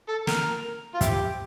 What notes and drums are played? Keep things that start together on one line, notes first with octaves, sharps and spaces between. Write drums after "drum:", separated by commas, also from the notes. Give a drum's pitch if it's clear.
A4
A#4, drum: snare
F4
C4 E4 G4, drum: kick, hi-hat